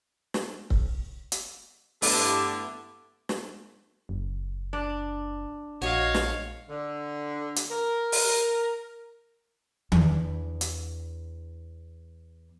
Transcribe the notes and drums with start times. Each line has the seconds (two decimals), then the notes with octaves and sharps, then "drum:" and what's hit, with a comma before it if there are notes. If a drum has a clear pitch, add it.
0.34 drum: snare
0.70 drum: kick C#1
1.32 drum: hi-hat
2.02 G2 D3 A3 B3 E4 A5 D6, drum: open hi-hat
3.29 drum: snare
4.09 F#1
4.73 D4
5.82 A#1 F#4 C#5 D#5 F5
6.14 drum: snare
6.69 D3
7.56 drum: hi-hat
7.71 A#4
8.12 drum: open hi-hat
9.92 E2 D4, drum: tom D#3
10.61 drum: hi-hat